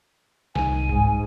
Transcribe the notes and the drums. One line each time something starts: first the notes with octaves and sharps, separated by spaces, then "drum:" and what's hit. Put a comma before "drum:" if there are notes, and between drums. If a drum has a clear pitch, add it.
C2 D#4 G#5, drum: snare
G#2, drum: kick G1